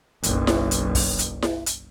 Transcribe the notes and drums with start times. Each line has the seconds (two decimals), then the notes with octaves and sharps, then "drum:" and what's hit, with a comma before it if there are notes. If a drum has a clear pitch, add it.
0.23 F#1 B1, drum: hi-hat
0.47 drum: snare E4
0.71 drum: hi-hat
0.95 drum: kick, open hi-hat
1.19 drum: hi-hat
1.42 drum: snare E4
1.66 drum: hi-hat